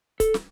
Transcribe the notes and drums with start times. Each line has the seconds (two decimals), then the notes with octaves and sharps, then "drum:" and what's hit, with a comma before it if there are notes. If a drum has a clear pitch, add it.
0.20 A4, drum: kick C#1, hi-hat
0.34 drum: snare